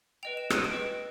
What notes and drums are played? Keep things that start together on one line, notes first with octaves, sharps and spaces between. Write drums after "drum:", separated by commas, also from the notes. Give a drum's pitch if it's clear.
B4 D#5 G5 F7
E7
D#7, drum: rim click
D7 E7
B4 D#5 G5